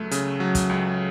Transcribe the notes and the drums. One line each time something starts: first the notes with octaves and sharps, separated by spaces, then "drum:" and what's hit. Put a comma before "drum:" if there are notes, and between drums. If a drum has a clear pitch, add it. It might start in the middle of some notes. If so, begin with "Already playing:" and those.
Already playing: C#2 F#3 A3
C#3, drum: hi-hat
F#3
drum: kick, hi-hat
C#2